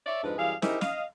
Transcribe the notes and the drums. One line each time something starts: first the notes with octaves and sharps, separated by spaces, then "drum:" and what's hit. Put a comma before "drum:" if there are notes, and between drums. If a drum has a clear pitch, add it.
C#5 D5 E5
F2 G#2 F3 D4 B4 D#5
F#2 E3 G3 G#4 F5
D#4 E4 G4 G#4 A#4 C5, drum: snare
D#5 F5, drum: snare